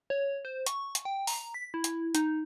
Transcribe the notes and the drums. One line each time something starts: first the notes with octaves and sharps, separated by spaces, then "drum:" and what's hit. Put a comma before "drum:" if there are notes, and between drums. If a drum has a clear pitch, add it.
C#5
C5
C#6, drum: hi-hat
drum: hi-hat
G5
A#5, drum: open hi-hat
B6
E4
drum: hi-hat
D#4, drum: hi-hat